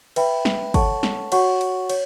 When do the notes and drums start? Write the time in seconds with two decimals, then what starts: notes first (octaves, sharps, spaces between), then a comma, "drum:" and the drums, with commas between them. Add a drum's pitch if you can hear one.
0.16 B4 E5 G5 B5, drum: cymbal
0.45 drum: snare
0.74 A4 C#5 F#5 A5 C#6, drum: kick, cymbal
1.03 drum: snare
1.32 F#4 C#5 F#5 C#6, drum: cymbal
1.61 drum: cymbal
1.89 C#5, drum: cymbal